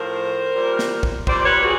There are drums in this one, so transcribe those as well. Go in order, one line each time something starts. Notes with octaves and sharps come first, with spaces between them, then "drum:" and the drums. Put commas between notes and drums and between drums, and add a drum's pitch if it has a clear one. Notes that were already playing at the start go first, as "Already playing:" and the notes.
Already playing: A2 F3 A#4 C5
A#2 G3
drum: snare
drum: kick
A#2 G3 C5 D5, drum: kick
B4 C#5
F#4 G#4